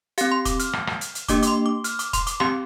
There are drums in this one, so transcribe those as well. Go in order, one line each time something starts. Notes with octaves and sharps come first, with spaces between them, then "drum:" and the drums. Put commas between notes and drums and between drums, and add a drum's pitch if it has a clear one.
C4 G4 F5, drum: hi-hat
C6
D6, drum: kick, hi-hat
F6, drum: hi-hat
drum: rim click
drum: rim click
drum: hi-hat
drum: hi-hat
A#3 D4 G4 D6, drum: kick, hi-hat
D6, drum: hi-hat
C6
D6
F6, drum: hi-hat
D6, drum: hi-hat
C6, drum: kick, hi-hat
D6, drum: hi-hat
C4 G4 C6, drum: rim click